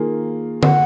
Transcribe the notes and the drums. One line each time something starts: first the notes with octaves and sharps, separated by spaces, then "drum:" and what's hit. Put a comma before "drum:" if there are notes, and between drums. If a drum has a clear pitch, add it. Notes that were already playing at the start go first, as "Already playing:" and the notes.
Already playing: D#3 A#3 F4 G#4
F#5, drum: tom D3